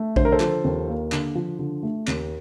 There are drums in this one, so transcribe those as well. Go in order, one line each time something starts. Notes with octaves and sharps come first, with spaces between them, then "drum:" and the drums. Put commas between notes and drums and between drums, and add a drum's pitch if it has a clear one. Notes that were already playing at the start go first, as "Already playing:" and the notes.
Already playing: A3
D3 C5, drum: kick A#1
A#4
A4 C5
F3, drum: clap
D#2
A#3
D3, drum: clap
F3
D3
A3
D#2, drum: clap